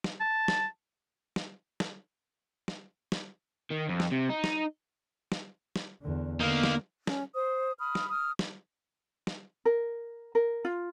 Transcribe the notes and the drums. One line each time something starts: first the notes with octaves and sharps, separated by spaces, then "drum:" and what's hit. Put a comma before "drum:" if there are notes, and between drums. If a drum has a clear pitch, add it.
drum: snare
A5
drum: snare
drum: snare
drum: snare
drum: snare
drum: snare
D#3
F2
drum: snare
C3
D#4
drum: snare
drum: snare
drum: snare
E2 D3
D3 A#3 B3 D#4 F5
drum: snare
C#4, drum: snare
C5 D#6
B5 D#6 F6
drum: snare
D#6 F6
drum: snare
drum: snare
A#4
A#4
F4